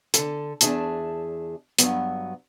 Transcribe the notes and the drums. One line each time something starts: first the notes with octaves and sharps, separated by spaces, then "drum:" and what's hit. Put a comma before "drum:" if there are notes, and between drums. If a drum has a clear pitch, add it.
D3 A4, drum: hi-hat
E2 D4 G#4 E5 A5, drum: hi-hat
G2 F#3 B3, drum: hi-hat